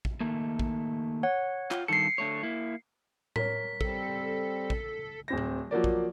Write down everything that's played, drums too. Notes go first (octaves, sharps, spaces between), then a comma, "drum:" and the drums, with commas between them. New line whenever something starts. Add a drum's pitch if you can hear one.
drum: kick
D#3 A3 A#3
drum: kick
C#5 F#5
F4 G5, drum: clap
G2 D#3 A4 C7 C#7
D3 A3 C#5
A#3 E4
A#4 C#5 B6, drum: tom A2
G3 C4 A4, drum: kick
drum: kick
D1 C4 A#6
drum: tom A2
F3 F#3 A#3 D5
drum: kick